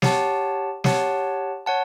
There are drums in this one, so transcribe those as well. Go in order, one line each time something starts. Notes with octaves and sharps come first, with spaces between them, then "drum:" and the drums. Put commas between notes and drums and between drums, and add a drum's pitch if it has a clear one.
G4 C#5 F#5 A5, drum: snare
G4 C#5 F#5 A5, drum: snare
C#5 F#5 A5